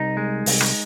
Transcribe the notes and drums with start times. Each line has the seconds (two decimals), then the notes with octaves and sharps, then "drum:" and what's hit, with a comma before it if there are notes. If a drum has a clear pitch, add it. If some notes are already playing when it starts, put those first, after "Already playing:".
Already playing: C2 D#4
0.17 G#3
0.46 C2, drum: open hi-hat
0.61 drum: rim click